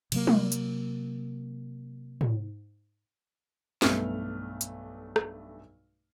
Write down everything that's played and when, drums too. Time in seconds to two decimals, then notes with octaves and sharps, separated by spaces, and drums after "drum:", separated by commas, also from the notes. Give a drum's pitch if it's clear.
0.12 C3 F#3 A#3, drum: cymbal
0.27 drum: tom
0.52 drum: hi-hat
2.21 drum: tom
3.82 B1 G2 A3 B3 F6, drum: snare
4.61 drum: hi-hat
5.16 drum: rim click